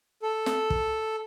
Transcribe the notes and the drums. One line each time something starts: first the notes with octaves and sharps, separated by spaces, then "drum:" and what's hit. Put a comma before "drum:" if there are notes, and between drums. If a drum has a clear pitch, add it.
A4
drum: snare
drum: kick